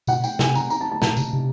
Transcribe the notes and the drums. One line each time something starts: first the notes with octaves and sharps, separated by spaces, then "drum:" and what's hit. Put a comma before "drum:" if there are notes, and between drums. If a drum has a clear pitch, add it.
B2 F#5, drum: tambourine
G5, drum: tambourine
C3 G#5, drum: snare
A#5, drum: tambourine
A#5, drum: tambourine
A5
A5
B2 A5, drum: snare
C3, drum: tambourine
C3